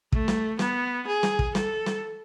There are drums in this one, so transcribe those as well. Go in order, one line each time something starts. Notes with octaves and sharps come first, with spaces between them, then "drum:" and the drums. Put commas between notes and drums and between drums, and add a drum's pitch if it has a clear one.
A3, drum: kick
drum: snare
B3, drum: snare
G#4
drum: snare
drum: kick
A4, drum: snare
drum: snare